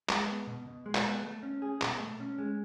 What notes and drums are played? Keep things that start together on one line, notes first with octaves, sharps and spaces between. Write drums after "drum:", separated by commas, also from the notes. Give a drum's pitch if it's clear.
G#3, drum: clap
B3
B2
B2
G#3
drum: clap
B3
A3
C#4
G#4
B2, drum: clap
A3
C#4
G#3